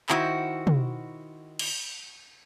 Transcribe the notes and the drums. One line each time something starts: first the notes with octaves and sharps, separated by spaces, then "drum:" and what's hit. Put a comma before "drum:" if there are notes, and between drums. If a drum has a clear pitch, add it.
D#3 E4 F#4 C5, drum: clap
drum: tom
drum: cymbal